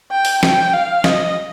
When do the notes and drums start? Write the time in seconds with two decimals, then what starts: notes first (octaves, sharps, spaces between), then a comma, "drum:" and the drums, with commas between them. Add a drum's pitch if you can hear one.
0.11 G5
0.25 drum: open hi-hat
0.43 G5, drum: snare
0.73 F5
1.04 D#5, drum: snare